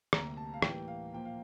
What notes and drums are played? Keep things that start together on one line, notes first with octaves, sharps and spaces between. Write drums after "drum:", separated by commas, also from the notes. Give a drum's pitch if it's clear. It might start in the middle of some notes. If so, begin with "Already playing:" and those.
D2 C3 G3 A#3 A#5, drum: rim click
A5
F5
A2 E3 G3 A#3 G5, drum: rim click
F5
A#2 F3 A#3 G5
F5